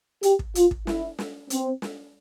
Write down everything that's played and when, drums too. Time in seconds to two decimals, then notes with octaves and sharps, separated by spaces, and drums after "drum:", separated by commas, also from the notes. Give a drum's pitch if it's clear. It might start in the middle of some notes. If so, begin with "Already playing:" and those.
0.23 G4, drum: hi-hat
0.39 drum: kick
0.55 F4, drum: hi-hat
0.71 drum: kick
0.87 E4, drum: snare
1.19 drum: snare
1.50 C4, drum: hi-hat
1.82 drum: snare